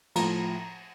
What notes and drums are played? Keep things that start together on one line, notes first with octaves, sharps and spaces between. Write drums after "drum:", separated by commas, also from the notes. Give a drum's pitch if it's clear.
A2 F3 A#5, drum: cymbal